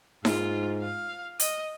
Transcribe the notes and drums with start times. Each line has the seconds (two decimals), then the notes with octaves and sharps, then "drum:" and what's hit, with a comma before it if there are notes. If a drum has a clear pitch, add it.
0.25 G#2 F4, drum: snare D#4
0.81 F5
1.40 D#5, drum: hi-hat